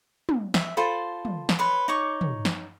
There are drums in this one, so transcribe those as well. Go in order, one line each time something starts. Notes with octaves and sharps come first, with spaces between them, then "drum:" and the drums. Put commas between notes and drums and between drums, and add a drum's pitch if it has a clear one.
drum: tom
E5, drum: snare
F4 A4 C5 B5
drum: tom
drum: snare
B4 C#5 C6
D#4 C#5 C#6 D6
drum: tom
drum: snare